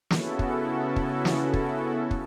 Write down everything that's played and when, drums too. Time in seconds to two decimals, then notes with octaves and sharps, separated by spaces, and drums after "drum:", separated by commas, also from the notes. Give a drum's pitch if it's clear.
0.10 C#3 B3 C#4 E4 F#4 A4, drum: snare
0.39 drum: kick
0.96 drum: kick
1.25 drum: snare
1.54 drum: kick
2.11 drum: kick